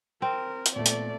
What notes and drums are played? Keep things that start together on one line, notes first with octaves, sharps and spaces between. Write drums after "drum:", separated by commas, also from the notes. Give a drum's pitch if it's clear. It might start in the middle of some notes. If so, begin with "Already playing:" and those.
C4 A#4
drum: hi-hat
A#2 A3 B3 D5
drum: hi-hat